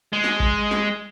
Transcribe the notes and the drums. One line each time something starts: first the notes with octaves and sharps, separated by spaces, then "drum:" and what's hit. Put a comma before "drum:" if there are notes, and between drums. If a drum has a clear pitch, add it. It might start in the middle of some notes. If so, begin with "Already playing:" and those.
G#3
drum: snare
drum: kick A1
drum: snare